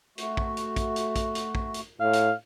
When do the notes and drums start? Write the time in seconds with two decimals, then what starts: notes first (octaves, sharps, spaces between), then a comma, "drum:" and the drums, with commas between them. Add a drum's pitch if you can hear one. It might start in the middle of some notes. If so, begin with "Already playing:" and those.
0.18 A3 F#4, drum: hi-hat
0.37 drum: kick
0.57 drum: hi-hat
0.76 drum: kick, hi-hat
0.96 drum: hi-hat
1.16 drum: kick, hi-hat
1.35 drum: hi-hat
1.55 drum: kick
1.74 drum: hi-hat
2.00 A2 F5
2.13 drum: hi-hat